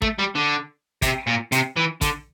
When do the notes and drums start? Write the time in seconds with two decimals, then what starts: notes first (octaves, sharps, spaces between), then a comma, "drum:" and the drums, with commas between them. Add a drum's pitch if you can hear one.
0.02 A3, drum: kick
0.19 G3
0.35 D3
1.02 C3, drum: kick, hi-hat
1.27 A#2
1.52 C3, drum: hi-hat
1.77 E3
2.01 D3, drum: kick, hi-hat